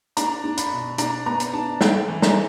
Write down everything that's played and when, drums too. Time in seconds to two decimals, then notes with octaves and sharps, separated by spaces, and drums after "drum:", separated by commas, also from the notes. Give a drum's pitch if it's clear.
0.17 D4 A#5, drum: hi-hat
0.44 D4
0.57 B5, drum: hi-hat
0.71 B2
0.98 D4 A#5, drum: hi-hat
1.26 B3 A#5
1.40 drum: hi-hat
1.53 D4 A5
1.81 A3 G5, drum: snare
2.08 E3
2.22 A#5, drum: snare